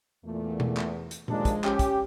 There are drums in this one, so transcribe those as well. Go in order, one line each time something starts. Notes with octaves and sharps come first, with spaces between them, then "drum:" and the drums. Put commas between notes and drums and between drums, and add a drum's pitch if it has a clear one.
E2 A#2 A3
drum: tom B2
drum: clap
drum: hi-hat
D#2 F3 G#3 A#3 D4, drum: tom A#2
drum: kick, hi-hat
C#4 G4, drum: clap
drum: kick, hi-hat